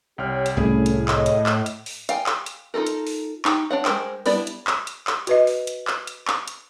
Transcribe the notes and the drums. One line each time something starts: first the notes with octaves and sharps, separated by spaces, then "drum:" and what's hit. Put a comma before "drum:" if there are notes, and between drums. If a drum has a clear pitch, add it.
C2 G4 C#5 G5 F6
drum: hi-hat
C2 A2 G3 A3 C#4 E4 G#4
drum: hi-hat
C#5 D#5, drum: clap
drum: hi-hat
drum: clap
drum: hi-hat
drum: open hi-hat
F5 G5 G#5, drum: hi-hat
drum: clap
drum: hi-hat
D#4 F4 A4 A#4
drum: hi-hat
drum: open hi-hat
D#4 G4, drum: clap
D4 C#5 F#5
G#3 A#4 C5 G5, drum: clap
G3 B3 D4 E4 D5, drum: open hi-hat
drum: hi-hat
drum: clap
drum: hi-hat
drum: clap
F#4 B4 D#5, drum: hi-hat
drum: open hi-hat
drum: hi-hat
drum: clap
drum: hi-hat
drum: clap
drum: hi-hat